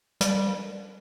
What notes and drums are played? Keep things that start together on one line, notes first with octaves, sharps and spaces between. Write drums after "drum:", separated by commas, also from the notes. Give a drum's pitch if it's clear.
G3, drum: hi-hat